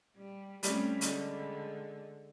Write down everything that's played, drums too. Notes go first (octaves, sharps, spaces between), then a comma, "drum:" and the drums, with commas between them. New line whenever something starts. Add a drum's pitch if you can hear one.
G3
G3 A3 C4 C#4, drum: hi-hat
D3 G#3, drum: hi-hat